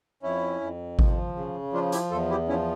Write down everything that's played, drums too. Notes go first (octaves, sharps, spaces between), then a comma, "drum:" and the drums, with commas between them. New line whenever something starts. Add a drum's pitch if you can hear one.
F2 C#4 E4
F2
F3, drum: kick G#1
C#3
F3 D4 F4
E4 G4, drum: hi-hat
E2 F4 A4
E4 G4
F3 C#4 E4